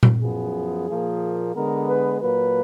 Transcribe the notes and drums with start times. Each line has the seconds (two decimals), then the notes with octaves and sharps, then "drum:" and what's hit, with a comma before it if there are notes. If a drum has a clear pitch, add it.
0.03 drum: tom A#2
0.22 F#2 F3 B3 G#4
0.88 A#2 F3 A#3
1.55 D3 G#3 B3 A#4
1.89 B4
2.21 A#2 F#3 A#3 B4